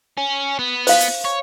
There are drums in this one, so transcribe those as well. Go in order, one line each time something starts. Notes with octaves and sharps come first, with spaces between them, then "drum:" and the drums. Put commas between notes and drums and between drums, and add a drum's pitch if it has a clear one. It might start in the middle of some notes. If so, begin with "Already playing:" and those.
C#4
B3
C5 F5, drum: open hi-hat
drum: hi-hat
C#5